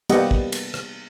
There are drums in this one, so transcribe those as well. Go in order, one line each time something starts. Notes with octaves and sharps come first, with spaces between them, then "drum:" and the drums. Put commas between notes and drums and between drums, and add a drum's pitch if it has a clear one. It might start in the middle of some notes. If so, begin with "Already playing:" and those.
G3 A#3 B3 G4 D#5 F#5, drum: cymbal
drum: kick
drum: cymbal
drum: rim click